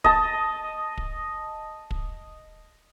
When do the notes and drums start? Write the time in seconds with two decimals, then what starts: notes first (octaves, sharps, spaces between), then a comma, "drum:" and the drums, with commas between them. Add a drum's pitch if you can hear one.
0.04 D#5 A5, drum: kick
0.97 drum: kick
1.91 drum: kick